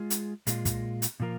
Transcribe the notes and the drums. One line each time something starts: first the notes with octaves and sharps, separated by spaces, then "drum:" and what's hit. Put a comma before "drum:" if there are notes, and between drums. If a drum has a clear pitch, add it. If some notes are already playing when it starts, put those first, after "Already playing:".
Already playing: G#3 F4 G#4
drum: hi-hat
A#2 G#3 F4, drum: hi-hat
drum: kick, hi-hat
drum: hi-hat
A#2 F3 A#3 F4 A#4